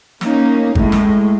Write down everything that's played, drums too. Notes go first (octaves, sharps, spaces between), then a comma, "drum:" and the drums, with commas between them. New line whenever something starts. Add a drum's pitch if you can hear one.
A#3 C#4 D#4, drum: snare
A2 G#3, drum: kick G#1
drum: snare